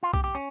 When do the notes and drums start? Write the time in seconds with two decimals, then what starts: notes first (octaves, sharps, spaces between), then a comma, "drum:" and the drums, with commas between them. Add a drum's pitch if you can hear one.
0.03 F4
0.14 G4, drum: kick
0.24 G4
0.35 C#4